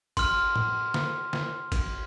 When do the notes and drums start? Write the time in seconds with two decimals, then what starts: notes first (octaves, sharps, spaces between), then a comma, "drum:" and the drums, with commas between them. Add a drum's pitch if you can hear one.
0.17 C6 F6, drum: kick, cymbal
0.56 drum: tom A2
0.94 drum: snare
1.33 drum: snare
1.72 drum: kick, cymbal